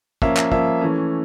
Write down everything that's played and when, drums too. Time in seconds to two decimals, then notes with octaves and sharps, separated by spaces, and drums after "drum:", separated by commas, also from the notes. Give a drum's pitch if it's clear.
0.22 F3 A#3 C#4 E5, drum: kick
0.37 drum: clap
0.52 F3 A#3 C#4 E5, drum: kick
0.81 E3 A3 C#4